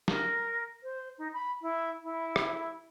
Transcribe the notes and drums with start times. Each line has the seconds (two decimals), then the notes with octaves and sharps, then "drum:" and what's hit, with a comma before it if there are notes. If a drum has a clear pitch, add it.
0.08 A#4, drum: snare
0.83 C5
1.18 D#4
1.33 B5
1.61 E4
2.02 E4
2.36 drum: rim click